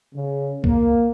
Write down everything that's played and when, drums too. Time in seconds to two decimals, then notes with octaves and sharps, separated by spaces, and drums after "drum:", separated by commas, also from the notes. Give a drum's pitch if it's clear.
0.14 C#3
0.64 A#3, drum: kick C2